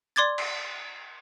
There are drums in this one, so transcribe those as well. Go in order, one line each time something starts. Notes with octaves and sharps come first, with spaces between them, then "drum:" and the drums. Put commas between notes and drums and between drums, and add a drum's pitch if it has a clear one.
D5 C6 D6 G#6 A6
drum: cymbal